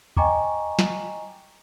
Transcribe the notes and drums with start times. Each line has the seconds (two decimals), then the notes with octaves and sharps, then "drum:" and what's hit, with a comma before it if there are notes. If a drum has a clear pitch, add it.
0.17 D#5 G5 G#5 A#5 C#6 D6, drum: kick
0.79 drum: snare